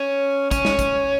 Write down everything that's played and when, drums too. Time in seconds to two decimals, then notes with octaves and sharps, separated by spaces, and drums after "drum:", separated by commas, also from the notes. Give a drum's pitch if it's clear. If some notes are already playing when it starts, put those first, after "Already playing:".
Already playing: C#4
0.51 C#4, drum: kick, hi-hat
0.65 drum: snare
0.79 drum: kick, hi-hat